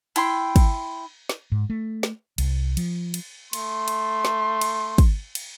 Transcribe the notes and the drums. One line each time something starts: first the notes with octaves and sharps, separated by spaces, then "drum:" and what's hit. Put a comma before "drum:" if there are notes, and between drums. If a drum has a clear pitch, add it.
E4 G5 C6, drum: cymbal
drum: kick, cymbal
drum: snare
G#2
A3
drum: snare
C2, drum: cymbal
F3, drum: cymbal
drum: cymbal
A3 C6, drum: cymbal
drum: cymbal
drum: snare
drum: cymbal
drum: kick, cymbal
drum: cymbal